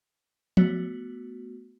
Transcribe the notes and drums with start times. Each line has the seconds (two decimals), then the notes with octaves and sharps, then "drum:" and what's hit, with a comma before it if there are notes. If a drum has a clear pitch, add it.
0.57 A3 B3 F#4, drum: tom F3